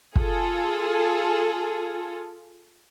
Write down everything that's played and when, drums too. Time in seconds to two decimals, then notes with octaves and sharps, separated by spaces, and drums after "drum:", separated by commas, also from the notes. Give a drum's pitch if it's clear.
0.16 F4 G#4 A4, drum: kick